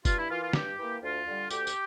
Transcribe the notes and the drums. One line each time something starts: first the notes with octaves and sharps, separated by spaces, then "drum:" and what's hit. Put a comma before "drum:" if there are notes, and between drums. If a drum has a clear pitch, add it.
G2 F4, drum: kick, tambourine
E4
E3 A#3 F4
F4
G2 G4, drum: snare
E3 A#3
D2 F4
D3 G3
D2 G4, drum: tambourine
drum: tambourine